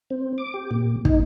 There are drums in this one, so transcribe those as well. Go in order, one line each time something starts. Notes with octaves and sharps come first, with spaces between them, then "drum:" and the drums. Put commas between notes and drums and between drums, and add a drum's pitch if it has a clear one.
C4
D6
G4
A#2
D#4, drum: kick